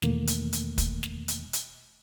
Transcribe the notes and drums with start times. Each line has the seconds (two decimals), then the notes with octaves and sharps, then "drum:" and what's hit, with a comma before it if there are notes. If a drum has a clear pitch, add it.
0.02 E2 B2 D#3 A3 A#3, drum: snare
0.27 drum: hi-hat
0.53 drum: hi-hat
0.78 drum: kick, hi-hat
1.03 drum: snare
1.28 drum: hi-hat
1.53 drum: hi-hat